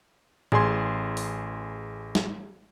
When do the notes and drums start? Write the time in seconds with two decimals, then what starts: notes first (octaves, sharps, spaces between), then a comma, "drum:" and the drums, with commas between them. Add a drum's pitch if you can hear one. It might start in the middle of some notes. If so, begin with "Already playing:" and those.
0.52 A1 G#4 G#5 C6 G#6, drum: tom A2
1.17 drum: open hi-hat
2.15 drum: snare